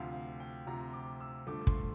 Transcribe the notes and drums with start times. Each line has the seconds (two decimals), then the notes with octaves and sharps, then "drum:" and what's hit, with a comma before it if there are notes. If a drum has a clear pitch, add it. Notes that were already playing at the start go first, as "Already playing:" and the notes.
Already playing: D2 C3 F3 F5
0.13 F5
0.40 G5
0.66 D2 C3 F3 A#5
0.93 D6
1.20 E6
1.47 G2 D3 F3 A3 D6
1.67 C6, drum: kick